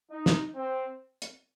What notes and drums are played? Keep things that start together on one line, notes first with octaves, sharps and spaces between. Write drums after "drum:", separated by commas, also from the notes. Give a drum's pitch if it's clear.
D#4
drum: snare
C4
drum: hi-hat